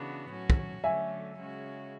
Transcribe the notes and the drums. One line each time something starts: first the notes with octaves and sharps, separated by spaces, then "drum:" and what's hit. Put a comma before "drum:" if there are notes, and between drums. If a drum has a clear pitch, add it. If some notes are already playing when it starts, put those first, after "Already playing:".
Already playing: C#3 E3 B3 D4 F#4
A2 F#3 C#4 F#4
drum: kick
D3 F#3 A3 C#4 E5 G#5
C#3 G#3 C#4 F#4